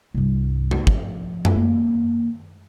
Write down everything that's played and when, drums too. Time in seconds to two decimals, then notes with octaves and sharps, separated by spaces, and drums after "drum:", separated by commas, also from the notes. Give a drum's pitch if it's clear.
0.14 C2 G2
0.71 drum: tom
0.87 F3, drum: kick
1.45 drum: tom F#2
1.56 A#3